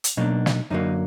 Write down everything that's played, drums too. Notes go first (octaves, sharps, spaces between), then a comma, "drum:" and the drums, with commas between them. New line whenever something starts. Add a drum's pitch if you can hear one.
drum: hi-hat
B2 F#3 A#3 D4 D#4
drum: snare
F#2 D3 F#3 A#3 D#4